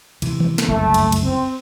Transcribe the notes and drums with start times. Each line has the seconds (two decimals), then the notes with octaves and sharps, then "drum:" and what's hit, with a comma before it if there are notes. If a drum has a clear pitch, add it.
0.22 C3 E3, drum: cymbal
0.40 drum: tom D#3
0.58 drum: snare
0.68 F#1 C2 F2 A3
0.94 drum: cymbal
1.12 drum: cymbal
1.22 C4